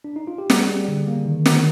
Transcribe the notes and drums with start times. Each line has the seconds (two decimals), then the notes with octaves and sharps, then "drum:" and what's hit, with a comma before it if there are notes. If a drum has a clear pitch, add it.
0.04 D4
0.16 D#4
0.27 F4
0.38 G4
0.50 G3 G#4, drum: snare
0.68 G3
0.88 D3
1.07 A#3
1.26 D#3
1.46 D#3, drum: snare